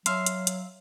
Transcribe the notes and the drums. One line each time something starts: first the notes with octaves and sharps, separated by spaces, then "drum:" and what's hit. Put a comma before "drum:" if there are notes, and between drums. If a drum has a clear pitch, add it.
F#3 E5 F5 C6, drum: hi-hat
drum: hi-hat
drum: hi-hat